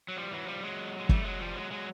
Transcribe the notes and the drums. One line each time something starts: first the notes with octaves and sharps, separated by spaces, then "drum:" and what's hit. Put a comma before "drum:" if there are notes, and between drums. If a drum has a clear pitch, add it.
F#3
F3 G3
E3 F#3
F3 G3
F#3 G#3
G#3
G3 A3, drum: kick
F#3 G#3
F3 G3
F#3 G#3
F#3 G#3